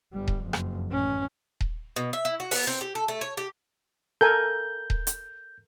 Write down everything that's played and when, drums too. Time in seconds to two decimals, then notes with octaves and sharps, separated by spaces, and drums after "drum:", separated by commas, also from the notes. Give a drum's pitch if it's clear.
0.13 G1 G3
0.28 drum: kick D#1
0.44 F#1 F2
0.53 drum: rim click
0.89 A1 C#4
1.61 drum: kick D#1
1.96 B2
2.13 E5
2.25 E4
2.40 F#4
2.51 B3, drum: open hi-hat
2.67 C4
2.81 G4
2.95 A4
3.08 A3
3.21 C#5
3.37 G4
4.21 A4 A#4 G#5 G6
4.90 drum: kick D#1
5.07 drum: hi-hat